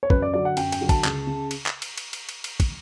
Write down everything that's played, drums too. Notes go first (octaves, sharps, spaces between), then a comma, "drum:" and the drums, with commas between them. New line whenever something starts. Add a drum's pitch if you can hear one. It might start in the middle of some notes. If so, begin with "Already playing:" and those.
C#5
F#2 B4, drum: kick
D5
D3 F#3 D5
F#5
F#2 G5, drum: cymbal
G5, drum: cymbal
D3 F#3
A5, drum: kick, cymbal
C#2, drum: clap
C#3
drum: cymbal
drum: clap
drum: cymbal
drum: cymbal
drum: cymbal
drum: cymbal
drum: cymbal
drum: kick, cymbal